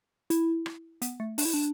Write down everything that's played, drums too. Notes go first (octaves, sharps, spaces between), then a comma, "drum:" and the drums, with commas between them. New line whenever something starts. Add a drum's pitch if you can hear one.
E4, drum: hi-hat
drum: rim click
B3, drum: hi-hat
A3
D4, drum: open hi-hat
E4
D4